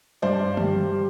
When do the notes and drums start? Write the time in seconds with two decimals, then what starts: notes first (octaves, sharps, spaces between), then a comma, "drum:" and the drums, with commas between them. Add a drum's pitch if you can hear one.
0.22 G2 C5 D5
0.57 G3, drum: tom D3
0.91 G3